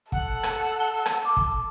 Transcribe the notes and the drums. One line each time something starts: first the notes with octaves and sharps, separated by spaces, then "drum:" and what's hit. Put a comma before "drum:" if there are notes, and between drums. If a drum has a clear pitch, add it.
A4 F#5, drum: kick
drum: rim click
G7
drum: rim click
D6
drum: kick